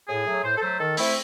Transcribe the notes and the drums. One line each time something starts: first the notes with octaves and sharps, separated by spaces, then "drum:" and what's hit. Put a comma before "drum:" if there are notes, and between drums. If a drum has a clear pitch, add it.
A2 G#4
F#3 A3
C#5
A2 C5
A4
F#3 A3 C5
D#3 A4
A3 C4 E4, drum: open hi-hat